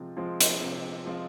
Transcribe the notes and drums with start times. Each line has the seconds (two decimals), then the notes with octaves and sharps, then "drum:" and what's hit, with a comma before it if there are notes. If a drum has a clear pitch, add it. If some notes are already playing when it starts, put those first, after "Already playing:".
Already playing: C3 F3 G#3 C4 F4
0.17 F3 G#3 C4 F4
0.41 drum: hi-hat
0.61 C3
1.05 F3 G#3 C4 F4